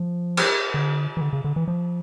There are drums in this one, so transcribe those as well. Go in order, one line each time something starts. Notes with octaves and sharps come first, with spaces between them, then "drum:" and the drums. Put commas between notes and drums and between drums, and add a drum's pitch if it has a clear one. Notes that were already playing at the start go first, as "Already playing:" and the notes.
Already playing: F3
drum: cymbal
D3
E3
D3
C#3
D3
E3
F3